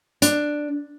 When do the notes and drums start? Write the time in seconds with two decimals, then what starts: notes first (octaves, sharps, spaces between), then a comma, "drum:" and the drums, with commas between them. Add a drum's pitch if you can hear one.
0.22 D4, drum: hi-hat